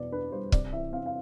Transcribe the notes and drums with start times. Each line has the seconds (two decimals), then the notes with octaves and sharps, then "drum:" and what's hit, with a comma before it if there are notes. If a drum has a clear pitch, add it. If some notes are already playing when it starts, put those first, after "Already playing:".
Already playing: E2 B2 D5
0.12 D4 B4
0.32 G3 C5
0.52 C3 D5, drum: kick
0.73 E3 E5
0.93 C4 F5
1.06 F5